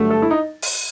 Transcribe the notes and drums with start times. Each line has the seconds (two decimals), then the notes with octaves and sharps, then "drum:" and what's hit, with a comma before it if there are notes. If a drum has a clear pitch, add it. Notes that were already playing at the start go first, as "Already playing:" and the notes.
Already playing: G2 D3 F#3 A3
0.10 A4
0.22 E4
0.31 D#4
0.62 drum: open hi-hat